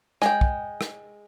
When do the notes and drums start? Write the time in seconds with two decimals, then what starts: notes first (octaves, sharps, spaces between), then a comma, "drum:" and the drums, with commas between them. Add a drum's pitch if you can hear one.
0.22 G#3 G5, drum: rim click
0.41 drum: kick
0.81 drum: rim click